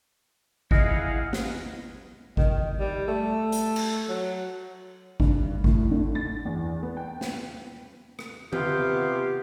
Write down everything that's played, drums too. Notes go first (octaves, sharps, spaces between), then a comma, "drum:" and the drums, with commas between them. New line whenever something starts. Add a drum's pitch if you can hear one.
E4 G#4 D#5 F5 F#5, drum: kick G#1
drum: snare
D#3, drum: kick G#1
G3
A3
drum: hi-hat
drum: cymbal
F#3
G2, drum: kick G#1
A2, drum: kick G#1
D3
A6
E2
B3
G5
drum: snare
drum: rim click
C3 B3 F4 G4, drum: tom D3